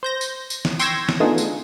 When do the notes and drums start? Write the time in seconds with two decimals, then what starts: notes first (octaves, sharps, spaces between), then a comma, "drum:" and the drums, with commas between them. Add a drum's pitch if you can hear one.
0.03 C5 G6 A#6
0.21 drum: tambourine
0.50 drum: tambourine
0.65 drum: snare
0.79 G5 C6 C#6 E6 G#6 A#6, drum: tambourine
1.09 drum: snare
1.20 A3 B3 D4 D#4 F4 G#4
1.38 drum: tambourine